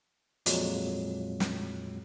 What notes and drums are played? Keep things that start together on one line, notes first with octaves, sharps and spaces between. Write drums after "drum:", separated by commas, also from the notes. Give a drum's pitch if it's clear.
F2 A#2 F#3 G#3, drum: hi-hat
drum: snare